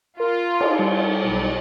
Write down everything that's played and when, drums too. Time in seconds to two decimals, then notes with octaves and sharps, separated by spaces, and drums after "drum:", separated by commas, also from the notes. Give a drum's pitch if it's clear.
0.20 F4 A#4
0.61 drum: cymbal
0.79 G3
1.23 B1